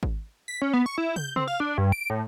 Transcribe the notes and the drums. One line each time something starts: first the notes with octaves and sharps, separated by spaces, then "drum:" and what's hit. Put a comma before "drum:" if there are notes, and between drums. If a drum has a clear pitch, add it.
drum: kick G#1
B6
C#4
B3
C#6
E4
G6, drum: tom
C4, drum: tom
F5
D4
G2
D7
A2